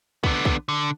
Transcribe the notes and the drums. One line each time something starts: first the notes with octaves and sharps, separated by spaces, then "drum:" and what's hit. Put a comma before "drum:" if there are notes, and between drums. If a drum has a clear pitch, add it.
D3 B3, drum: kick
drum: kick
D3